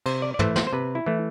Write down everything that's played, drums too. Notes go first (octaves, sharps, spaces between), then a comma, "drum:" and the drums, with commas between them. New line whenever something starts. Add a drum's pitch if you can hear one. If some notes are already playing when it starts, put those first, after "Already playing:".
C3 C5, drum: cymbal
D5
D5
E3 A3 C5, drum: tom
C5, drum: snare
C5
C3 B4
E4
E3 A3